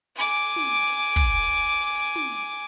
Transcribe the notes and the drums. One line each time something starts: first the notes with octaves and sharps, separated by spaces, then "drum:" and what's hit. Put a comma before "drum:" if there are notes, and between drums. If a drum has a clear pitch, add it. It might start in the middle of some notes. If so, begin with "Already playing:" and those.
G#5 D6
drum: hi-hat
drum: snare
drum: open hi-hat
drum: kick
drum: hi-hat
drum: snare